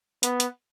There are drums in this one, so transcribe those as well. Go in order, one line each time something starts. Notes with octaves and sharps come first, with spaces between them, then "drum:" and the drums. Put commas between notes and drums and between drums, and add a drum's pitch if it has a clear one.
B3, drum: hi-hat
drum: hi-hat